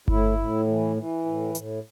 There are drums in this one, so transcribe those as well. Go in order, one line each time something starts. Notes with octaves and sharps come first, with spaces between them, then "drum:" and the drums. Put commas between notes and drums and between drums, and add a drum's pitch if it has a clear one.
A2 E4, drum: kick G1
A2
E3
E3
A2
A2, drum: hi-hat